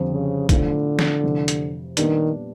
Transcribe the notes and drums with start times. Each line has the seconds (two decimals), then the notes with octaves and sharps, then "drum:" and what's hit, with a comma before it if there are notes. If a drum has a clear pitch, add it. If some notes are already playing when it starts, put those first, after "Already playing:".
Already playing: F2 D3 G3 C4
0.12 C#3
0.49 B1 A2 D3 F3, drum: kick, hi-hat
0.99 drum: snare
1.23 F1 F2 C3 E3
1.48 drum: hi-hat
1.97 A#2 D#3 G3 B3 D4, drum: hi-hat